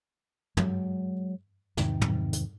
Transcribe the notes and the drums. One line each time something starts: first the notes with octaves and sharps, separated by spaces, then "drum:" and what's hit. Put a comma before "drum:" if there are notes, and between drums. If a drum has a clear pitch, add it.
F#3 G#3, drum: tom
E2 G#2 C3 D#3, drum: snare
drum: tom
drum: hi-hat